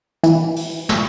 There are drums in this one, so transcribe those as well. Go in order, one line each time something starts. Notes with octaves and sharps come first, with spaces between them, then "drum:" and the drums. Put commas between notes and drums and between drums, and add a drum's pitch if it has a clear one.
E3, drum: hi-hat
drum: open hi-hat
drum: snare